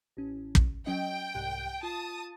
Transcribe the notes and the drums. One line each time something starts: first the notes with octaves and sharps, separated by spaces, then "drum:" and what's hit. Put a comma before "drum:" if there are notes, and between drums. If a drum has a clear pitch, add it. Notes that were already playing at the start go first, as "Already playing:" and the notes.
A1 C#4
drum: kick
F#3 C#4 D#5 G5
C2 G#2 F#6
F4 A5 D#6